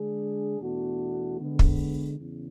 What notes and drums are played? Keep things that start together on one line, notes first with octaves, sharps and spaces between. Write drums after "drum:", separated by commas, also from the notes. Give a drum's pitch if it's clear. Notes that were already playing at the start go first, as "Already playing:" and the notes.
Already playing: D3 G#3 D4 G#4
E2 B2 A3 D4 F#4
D3 G#3 B3
drum: kick
E2 C#3